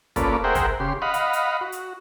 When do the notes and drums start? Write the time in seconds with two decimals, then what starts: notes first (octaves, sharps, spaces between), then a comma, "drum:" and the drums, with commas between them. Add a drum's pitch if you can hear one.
0.16 A#3 C#4 F4 A4 B4 D5, drum: kick, hi-hat
0.44 G#4 A#4 C5 E5 F#5 G5
0.55 drum: kick, hi-hat
0.80 C#3 G4 C6
1.02 D#5 F5 F#5 B5
1.14 drum: hi-hat
1.33 drum: hi-hat
1.61 F#4
1.72 drum: hi-hat